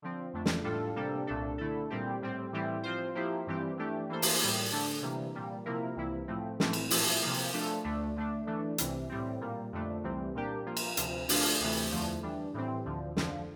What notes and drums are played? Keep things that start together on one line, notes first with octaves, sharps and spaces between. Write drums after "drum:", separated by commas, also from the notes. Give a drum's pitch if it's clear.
D3 F3 C4
F2 D3 A3 D4
drum: snare
A2 G3 D4 F4 A4
C3 G3 A#3 D4 A4
C2 A#2 A3 D4 A4
D3 A3 E4 A4
A#2 G3 C4 G4
A2 G3 C4
A2 E3 G3 C4 E4
F3 C4 F4 C5
F3 A#3 E4 G4 C5
G2 E3 G3 C4 G4
E3 A3 D4 G4
E3 A#3 E4 A4 C5
drum: open hi-hat
A2 G3 A#3
D3 A3 D4 A4
C3 E3 G3 A#3
A#2 G3 A#3
C3 F3 A#3 E4 A#4
C2 C3 E3 A#3 E4
A2 F3 A3 C4
A2 E3 A3 C4, drum: snare
drum: cymbal
A#2 F3 A3 E4, drum: open hi-hat
C3 F3 A#3
F3 A3 D4 A4
D2 D3 A3 D4
D3 A3 D4
E3 A3 D4
C2 C3 E3, drum: hi-hat
A2 G3 C4
A#2 G3 A#3
F2 D3 A3 D4
C2 C3 E3 G3 C4
A#2 G3 A#3 D4 G4
F3 A#3 F4
drum: cymbal
D2 C3 F3, drum: hi-hat
D3 F3 A3 D4 F4, drum: open hi-hat
D2 C3 E3 A3
E2 D3 F3 A3
E3 G3 D4
A2 E3 G3 C4
D2 D3 F3
F2 D3 F3, drum: snare